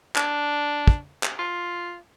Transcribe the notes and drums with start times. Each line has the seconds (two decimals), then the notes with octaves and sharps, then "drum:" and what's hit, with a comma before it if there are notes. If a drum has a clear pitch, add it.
0.16 D4, drum: clap
0.87 drum: kick
1.23 drum: clap
1.39 F4